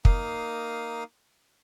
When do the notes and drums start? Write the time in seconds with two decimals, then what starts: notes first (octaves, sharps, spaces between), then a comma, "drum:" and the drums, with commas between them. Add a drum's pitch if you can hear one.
0.05 A#3 D#4 F5 D#6, drum: kick